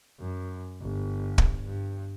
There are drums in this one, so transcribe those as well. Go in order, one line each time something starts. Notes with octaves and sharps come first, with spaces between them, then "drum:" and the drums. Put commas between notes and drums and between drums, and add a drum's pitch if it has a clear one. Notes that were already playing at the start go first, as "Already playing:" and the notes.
F#2
G1
drum: kick
G2